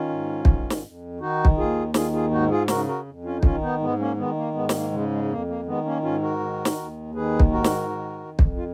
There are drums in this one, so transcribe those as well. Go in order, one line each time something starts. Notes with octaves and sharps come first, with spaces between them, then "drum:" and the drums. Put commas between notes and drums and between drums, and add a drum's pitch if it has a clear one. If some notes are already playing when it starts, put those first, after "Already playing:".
Already playing: D#3 C#4 F4
G#2
D#3, drum: kick
drum: snare
F2
D#3 D#4 F#4
drum: kick
D#2 F4 G#4
D#3 F4 G#4, drum: snare
F4 G#4
G#2 D#4 F#4
F4 G#4
C#3 F#4 A#4, drum: snare
F#4 A#4
F2
C#4 F4
D#4
D#3 C#4 F4, drum: kick
B3 D#4
G#2 G#3 B3
A#3 C#4
D#3 G#3 B3
A#3
G#2 G#3 B3
B3, drum: snare
A#3
C#3 G#3
G#3
G#3
F2 A#3
A#3
D#3 G#3 B3
A#3 C#4
G#2 C#4 F4
F#4 A#4
D#3
drum: snare
D#2
D#3 G#4 B4
drum: kick
G#2 F#4 A#4
drum: snare
D#3
F2
drum: kick
F4